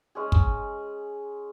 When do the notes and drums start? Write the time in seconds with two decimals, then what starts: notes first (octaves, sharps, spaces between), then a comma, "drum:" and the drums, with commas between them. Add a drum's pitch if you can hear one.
0.15 G#3 C#4 G#4
0.32 drum: kick